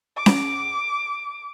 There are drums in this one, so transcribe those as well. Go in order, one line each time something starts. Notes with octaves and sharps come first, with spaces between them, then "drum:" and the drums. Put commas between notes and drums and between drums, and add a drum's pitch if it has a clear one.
D6
drum: snare C#4